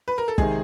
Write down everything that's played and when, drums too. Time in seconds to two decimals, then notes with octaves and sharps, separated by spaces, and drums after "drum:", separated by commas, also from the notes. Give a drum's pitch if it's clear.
0.08 B4
0.18 A#4
0.28 A4
0.38 C3 D#3 G#3 G#4, drum: kick